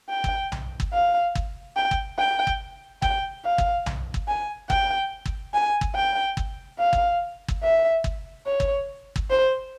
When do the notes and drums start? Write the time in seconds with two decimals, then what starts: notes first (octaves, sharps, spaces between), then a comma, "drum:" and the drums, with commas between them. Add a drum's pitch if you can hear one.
0.09 G5
0.24 drum: kick
0.52 drum: tom B1
0.80 drum: kick
0.93 F5
1.35 drum: kick
1.77 G5
1.91 drum: kick
2.18 G5
2.47 drum: kick
3.02 G5, drum: kick
3.45 F5
3.58 drum: kick
3.86 drum: tom B1
4.14 drum: kick
4.28 G#5
4.70 G5, drum: kick
5.26 drum: kick
5.54 G#5
5.81 drum: kick
5.95 G5
6.37 drum: kick
6.79 F5
6.93 drum: kick
7.48 drum: kick
7.63 E5
8.04 drum: kick
8.46 C#5
8.60 drum: kick
9.16 drum: kick
9.30 C5